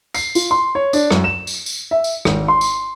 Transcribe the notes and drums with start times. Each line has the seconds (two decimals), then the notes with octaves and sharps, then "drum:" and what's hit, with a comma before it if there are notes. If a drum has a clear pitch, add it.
0.14 C7, drum: tambourine
0.35 F4, drum: tambourine
0.51 C6
0.75 C#5
0.93 D4, drum: tambourine
1.10 F#2, drum: rim click
1.24 E7
1.47 drum: tambourine
1.66 drum: tambourine
1.91 E5
2.04 drum: tambourine
2.25 G#1, drum: rim click
2.48 C6
2.61 drum: tambourine